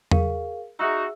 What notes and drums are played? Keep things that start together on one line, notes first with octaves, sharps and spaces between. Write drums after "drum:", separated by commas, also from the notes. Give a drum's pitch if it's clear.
G#4 A#4 F5, drum: tom E2
D#4 F#4 G#4 E5 E6